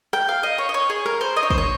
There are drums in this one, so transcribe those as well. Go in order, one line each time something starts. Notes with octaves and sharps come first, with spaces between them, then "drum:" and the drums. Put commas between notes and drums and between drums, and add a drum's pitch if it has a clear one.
G5, drum: rim click
F5
D#5
C#5
D#5
C#5
G#4
A#4, drum: rim click
C5
D#5
C#5
C5, drum: kick
C#5